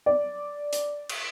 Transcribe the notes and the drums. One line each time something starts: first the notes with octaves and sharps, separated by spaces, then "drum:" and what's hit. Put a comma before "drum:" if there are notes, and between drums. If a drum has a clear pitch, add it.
D5
drum: hi-hat
drum: cymbal